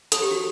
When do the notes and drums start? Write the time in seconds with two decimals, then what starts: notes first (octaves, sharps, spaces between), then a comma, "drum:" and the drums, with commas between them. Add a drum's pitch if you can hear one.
0.12 A4, drum: hi-hat
0.22 G4
0.31 F#4